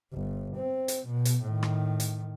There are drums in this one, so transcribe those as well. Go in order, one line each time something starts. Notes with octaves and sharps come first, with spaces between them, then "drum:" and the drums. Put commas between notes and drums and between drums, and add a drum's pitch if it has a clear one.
G1
C4
drum: hi-hat
B2
drum: hi-hat
A2 D#3
drum: rim click
drum: hi-hat